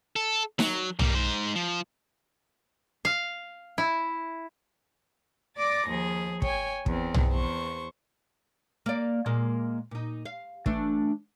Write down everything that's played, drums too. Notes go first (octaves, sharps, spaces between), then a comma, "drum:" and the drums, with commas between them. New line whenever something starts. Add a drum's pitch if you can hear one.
A4
F#3, drum: snare D#4
G3 A#3, drum: tom
G#2 C5
F3
F5
E4
D5 D6 A6 A#6
D#2 F3 G#4
C#5 G5 G#5, drum: kick
E2 C4, drum: kick
drum: tom
E2 C5 C#6
A#3 D5
A#2 G#3 A#3
A#2 D#4
F5
E3 A3 D4, drum: kick